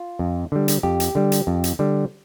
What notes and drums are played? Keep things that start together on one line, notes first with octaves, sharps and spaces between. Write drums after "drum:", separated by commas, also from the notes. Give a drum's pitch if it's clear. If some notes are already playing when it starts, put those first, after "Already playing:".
Already playing: F4
F2
D3 G3
drum: hi-hat
F2 G4
drum: hi-hat
D3 G3
drum: hi-hat
F2
drum: hi-hat
D3 G3